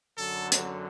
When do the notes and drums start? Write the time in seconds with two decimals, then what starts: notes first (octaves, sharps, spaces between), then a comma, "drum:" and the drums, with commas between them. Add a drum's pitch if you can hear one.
0.17 F#2 D3 F#3 A4
0.52 drum: hi-hat